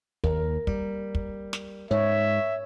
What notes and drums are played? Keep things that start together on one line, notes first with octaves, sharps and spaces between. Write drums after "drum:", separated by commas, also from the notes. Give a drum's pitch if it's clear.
D#2 A#4, drum: kick
G3, drum: kick
drum: kick
drum: snare
G#2 C#5 E5